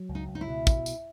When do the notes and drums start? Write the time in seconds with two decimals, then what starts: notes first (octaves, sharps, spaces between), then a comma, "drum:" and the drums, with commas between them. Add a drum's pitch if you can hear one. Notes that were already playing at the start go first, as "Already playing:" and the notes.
Already playing: F#3
0.09 C#2
0.15 D#4
0.28 C#2
0.35 D#4
0.41 E4
0.48 B2
0.67 drum: kick, tambourine
0.86 drum: tambourine